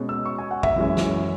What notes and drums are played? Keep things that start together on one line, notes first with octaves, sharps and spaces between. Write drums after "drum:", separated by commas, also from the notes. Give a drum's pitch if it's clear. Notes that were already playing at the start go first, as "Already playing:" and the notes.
Already playing: B2 G#3 C#4
E6
C#6
G#5
F#5
E5, drum: kick
F#2 E3 G#3 C#4
drum: snare